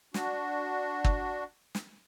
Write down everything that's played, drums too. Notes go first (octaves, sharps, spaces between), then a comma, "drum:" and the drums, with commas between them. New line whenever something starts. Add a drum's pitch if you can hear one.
D4 F#4, drum: snare
drum: kick
drum: snare